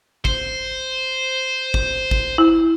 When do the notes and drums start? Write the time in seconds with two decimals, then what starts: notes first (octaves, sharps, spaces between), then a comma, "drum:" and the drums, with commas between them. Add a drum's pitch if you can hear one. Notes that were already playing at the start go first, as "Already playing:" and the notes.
0.25 C5, drum: kick
1.74 drum: kick
2.11 drum: kick
2.38 E4